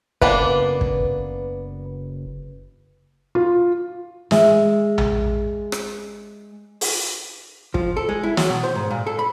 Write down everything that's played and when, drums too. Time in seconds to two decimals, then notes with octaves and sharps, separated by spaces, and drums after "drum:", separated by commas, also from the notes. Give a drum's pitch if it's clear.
0.22 F#1 A#3 B3 D4 B4, drum: kick
0.81 drum: kick
3.35 F4
4.31 G#3 E5, drum: snare
4.98 drum: tom A#1
5.72 drum: rim click
6.81 drum: open hi-hat
7.74 F3, drum: kick
7.97 A4
8.09 G#3
8.23 E4
8.37 F#3, drum: snare
8.49 B2
8.64 C5
8.75 G#2
8.91 A#2
9.07 A4
9.19 B5